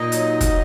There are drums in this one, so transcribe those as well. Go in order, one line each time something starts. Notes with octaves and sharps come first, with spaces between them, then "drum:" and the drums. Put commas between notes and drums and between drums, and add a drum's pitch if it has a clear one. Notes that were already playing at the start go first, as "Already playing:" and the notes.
Already playing: A#2 D#4 D#5
F#3, drum: hi-hat
drum: kick, hi-hat